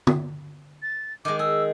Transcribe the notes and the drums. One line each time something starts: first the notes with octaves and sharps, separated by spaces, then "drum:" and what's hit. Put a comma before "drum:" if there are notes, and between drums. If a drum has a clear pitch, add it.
drum: tom
A6
D#3 G#3 D6
G#4 E6